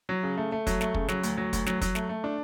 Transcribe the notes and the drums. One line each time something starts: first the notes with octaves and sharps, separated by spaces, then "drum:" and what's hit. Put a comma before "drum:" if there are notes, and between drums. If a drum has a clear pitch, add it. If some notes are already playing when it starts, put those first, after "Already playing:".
F#3
C#3
A3
A3
F#3, drum: kick, hi-hat
A3, drum: snare
C#3, drum: kick
F#3, drum: snare
D2, drum: hi-hat
F#3
D2, drum: kick, hi-hat
F#3, drum: snare
F#3, drum: kick, hi-hat
A3, drum: snare
A3
D4